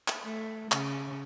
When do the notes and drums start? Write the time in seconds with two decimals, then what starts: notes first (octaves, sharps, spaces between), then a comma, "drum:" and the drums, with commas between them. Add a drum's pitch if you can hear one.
0.08 drum: clap
0.24 A3
0.72 C#3, drum: clap